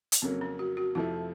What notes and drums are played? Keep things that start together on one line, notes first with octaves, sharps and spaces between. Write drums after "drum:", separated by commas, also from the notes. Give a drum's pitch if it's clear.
drum: hi-hat
F2 C#3 F#3 A#3 C4
C#4
F#4
F#4
F2 C3 F3 A3 E4